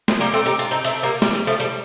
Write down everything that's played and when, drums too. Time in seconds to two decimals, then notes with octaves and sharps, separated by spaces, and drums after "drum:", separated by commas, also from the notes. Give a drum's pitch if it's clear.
0.08 F3, drum: snare
0.20 G3 A#3
0.34 A3 C4
0.46 D#4 G4
0.59 D4 F4
0.71 C4 D#4
0.85 A3 C4, drum: hi-hat
1.03 G3 A#3
1.22 G3, drum: snare
1.35 G3
1.47 F3 A3
1.60 G3, drum: hi-hat